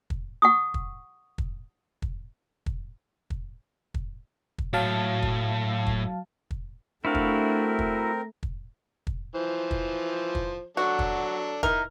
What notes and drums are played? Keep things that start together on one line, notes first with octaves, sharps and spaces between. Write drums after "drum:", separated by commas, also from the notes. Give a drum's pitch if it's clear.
drum: kick
F#5 C#6 D#6
drum: kick
drum: kick
drum: kick
drum: kick
drum: kick
drum: kick
drum: kick
A2 F#3 F5 A5
drum: kick
drum: kick
drum: kick
A3 C4 D4 E4 F#4 A#4 F5
drum: kick
drum: kick
A#5
drum: kick
drum: kick
E3 F3 C5
drum: kick
drum: kick
F#3 D4 F#4 A4
drum: kick
D#4 E4 A#4, drum: kick